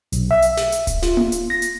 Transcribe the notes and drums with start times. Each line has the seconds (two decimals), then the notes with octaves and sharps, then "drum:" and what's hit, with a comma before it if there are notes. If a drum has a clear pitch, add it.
0.12 B1, drum: hi-hat
0.31 E5
0.42 drum: hi-hat
0.57 drum: snare
0.72 drum: hi-hat
0.87 drum: kick D1, hi-hat
1.02 F4, drum: snare
1.17 drum: tom A#3
1.32 drum: hi-hat
1.50 A#6
1.62 drum: hi-hat